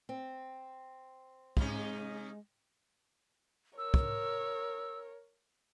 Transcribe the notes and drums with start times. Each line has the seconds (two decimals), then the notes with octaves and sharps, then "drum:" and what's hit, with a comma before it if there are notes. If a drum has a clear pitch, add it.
0.09 C4
1.57 C3 G#3 C#4 D#4, drum: kick
3.78 A#4 C#5 E6
3.94 drum: kick